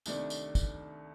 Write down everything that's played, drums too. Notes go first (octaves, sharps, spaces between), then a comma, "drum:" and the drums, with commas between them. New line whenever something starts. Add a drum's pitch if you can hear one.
C2 C3 D#3 A3 D4, drum: tambourine
drum: tambourine
drum: kick, tambourine